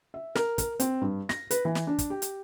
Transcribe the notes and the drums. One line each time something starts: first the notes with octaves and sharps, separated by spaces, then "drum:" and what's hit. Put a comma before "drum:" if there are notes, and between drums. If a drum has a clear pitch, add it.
E5
A#4, drum: snare
A#4, drum: kick, hi-hat
C4, drum: hi-hat
G2
A#6, drum: snare
B4, drum: hi-hat
E3
drum: snare
D4
drum: kick, hi-hat
G4
drum: hi-hat